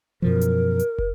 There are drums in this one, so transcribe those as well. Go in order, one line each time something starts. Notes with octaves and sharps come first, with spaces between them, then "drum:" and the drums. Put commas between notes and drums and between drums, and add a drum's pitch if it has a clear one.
F#2 B2 F3 A#4
drum: hi-hat
drum: hi-hat
drum: kick